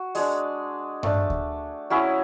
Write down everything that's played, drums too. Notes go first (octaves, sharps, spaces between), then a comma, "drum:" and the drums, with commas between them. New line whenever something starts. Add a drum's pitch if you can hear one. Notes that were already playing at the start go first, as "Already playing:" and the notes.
Already playing: F#4
G#3 D4 G#4, drum: open hi-hat
A3 D4, drum: tom G2
drum: kick D2
F#3 C#4 E4 G#4